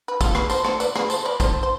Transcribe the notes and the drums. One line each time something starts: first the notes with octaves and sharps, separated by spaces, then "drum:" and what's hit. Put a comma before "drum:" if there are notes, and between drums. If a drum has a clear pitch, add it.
B4
F4 A4, drum: kick, tambourine
G#4 B4, drum: rim click
A4 C5, drum: tambourine
A4 C5, drum: rim click
B4 D5, drum: tambourine
G#4 B4, drum: rim click
A4 C5, drum: tambourine
B4 D5
A4 C5, drum: kick, tambourine
C5